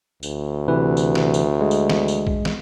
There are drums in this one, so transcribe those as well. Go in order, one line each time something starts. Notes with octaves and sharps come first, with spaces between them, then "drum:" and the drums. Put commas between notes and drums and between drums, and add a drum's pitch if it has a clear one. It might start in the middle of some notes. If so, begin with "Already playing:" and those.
D2, drum: tambourine
C3 E3 B4
drum: tambourine
drum: snare
drum: tambourine
G#3
drum: tambourine
drum: snare
drum: tambourine
drum: kick B1
drum: snare